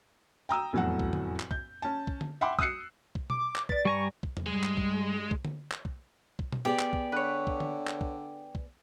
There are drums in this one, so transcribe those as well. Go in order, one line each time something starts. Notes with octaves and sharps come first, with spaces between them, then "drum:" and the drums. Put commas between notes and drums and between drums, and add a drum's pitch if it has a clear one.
G5 A#5 D#6 E6
F1 E2 A2 F#3 F#4 F#5
drum: kick
drum: tom D3
drum: clap
G6, drum: kick
C#4 A5
drum: kick
drum: tom D3
E5 F#5 G5 B5 C6 D6
D#6 E6 F#6 C7 C#7, drum: kick
drum: kick
D6, drum: tom B2
drum: clap
B4 D5 A6, drum: kick
G2 G3 G#5 A#5 C#6
drum: kick
drum: tom E2
G2 G3 G#3
drum: clap
drum: kick
drum: kick
drum: tom D3
drum: clap
drum: kick
drum: kick
drum: tom B2
B3 G4 G#4 D5
drum: clap
drum: kick
D3 B4 C#5
drum: kick
drum: tom D3
drum: clap
drum: kick
drum: kick